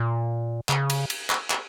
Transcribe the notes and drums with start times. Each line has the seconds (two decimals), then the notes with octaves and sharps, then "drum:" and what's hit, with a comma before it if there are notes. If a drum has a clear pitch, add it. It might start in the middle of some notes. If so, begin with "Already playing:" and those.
Already playing: A#2
0.69 C#3, drum: clap
0.90 drum: cymbal
1.10 drum: cymbal
1.30 drum: clap
1.50 drum: clap